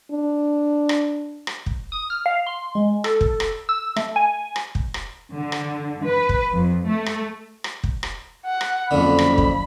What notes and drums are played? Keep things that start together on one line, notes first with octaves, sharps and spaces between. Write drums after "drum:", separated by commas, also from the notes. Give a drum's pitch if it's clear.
D4
drum: rim click
drum: rim click
drum: kick
D#6
F6
F5
C6
G#3
A4, drum: rim click
drum: kick
drum: rim click
E6
A3, drum: rim click
G#5
drum: rim click
drum: kick
drum: rim click
D3
drum: rim click
B4
drum: kick
F2
A3
drum: rim click
drum: rim click
drum: kick
drum: rim click
F#5
drum: rim click
F#1 F2 D3 B5
drum: rim click
drum: kick